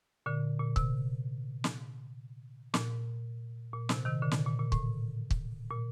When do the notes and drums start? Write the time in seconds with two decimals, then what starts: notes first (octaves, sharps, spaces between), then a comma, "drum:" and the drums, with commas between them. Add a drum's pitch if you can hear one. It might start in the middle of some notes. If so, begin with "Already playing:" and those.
0.26 A#2 D3
0.60 A#2
0.76 C3, drum: kick
1.64 drum: snare
2.74 A#2, drum: snare
3.73 A#2
3.89 C3, drum: snare
4.05 C3 D#3
4.22 A#2 D3
4.31 drum: snare
4.47 A#2
4.59 A#2
4.72 A2, drum: kick
5.31 drum: kick
5.70 A#2